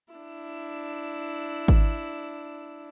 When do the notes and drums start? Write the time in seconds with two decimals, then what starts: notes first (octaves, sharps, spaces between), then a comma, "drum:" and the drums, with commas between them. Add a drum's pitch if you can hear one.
0.13 D4 E4
1.68 drum: kick G#1